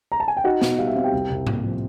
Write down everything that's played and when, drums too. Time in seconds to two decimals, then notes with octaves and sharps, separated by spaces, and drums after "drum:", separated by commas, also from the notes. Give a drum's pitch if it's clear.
0.12 A#5
0.20 A5
0.28 G#5
0.37 G5
0.44 D#4 F#4 F#5
0.62 B2, drum: snare
0.79 G3 F5
0.87 E5
0.95 C4 F5
1.04 G4 G5
1.12 C2
1.30 C2
1.47 A#2, drum: tom G#2
1.64 F3